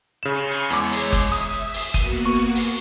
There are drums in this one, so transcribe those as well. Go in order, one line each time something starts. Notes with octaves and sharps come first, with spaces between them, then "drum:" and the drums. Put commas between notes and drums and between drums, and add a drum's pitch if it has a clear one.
C#3 G#5 C6 C#6 E7
drum: hi-hat
E2 G#3 C#5 D6, drum: hi-hat
drum: open hi-hat
drum: kick, hi-hat
E5 D#6, drum: hi-hat
drum: hi-hat
drum: open hi-hat
A#3 B3 F#4 D#7, drum: kick, hi-hat
C#6
drum: hi-hat
drum: open hi-hat